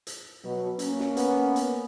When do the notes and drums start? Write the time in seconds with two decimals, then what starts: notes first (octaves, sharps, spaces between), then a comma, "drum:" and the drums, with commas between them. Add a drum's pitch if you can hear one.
0.07 drum: hi-hat
0.44 B2 F#3
0.79 A#3 C#4, drum: hi-hat
1.00 drum: snare
1.17 B3, drum: hi-hat
1.56 drum: hi-hat